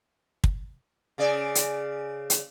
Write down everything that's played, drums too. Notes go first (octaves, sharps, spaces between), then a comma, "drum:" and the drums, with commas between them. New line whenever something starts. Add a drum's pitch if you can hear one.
drum: kick
C#3 G#4 D5
drum: hi-hat
drum: hi-hat